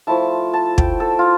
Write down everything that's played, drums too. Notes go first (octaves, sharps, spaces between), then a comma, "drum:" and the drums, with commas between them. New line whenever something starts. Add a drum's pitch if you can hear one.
F3 A3 E4 A5
A5
G5, drum: kick
A4
F4